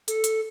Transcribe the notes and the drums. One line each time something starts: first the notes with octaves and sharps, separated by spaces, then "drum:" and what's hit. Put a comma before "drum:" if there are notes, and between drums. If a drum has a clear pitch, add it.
A4, drum: hi-hat
drum: hi-hat